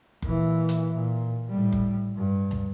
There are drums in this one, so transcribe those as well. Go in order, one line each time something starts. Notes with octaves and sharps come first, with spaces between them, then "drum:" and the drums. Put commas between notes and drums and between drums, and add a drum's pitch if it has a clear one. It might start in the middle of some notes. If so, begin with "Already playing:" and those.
A#2 E3, drum: kick F#1
drum: hi-hat
A#2
A2 G3
drum: kick F#1
G2
drum: tom C#2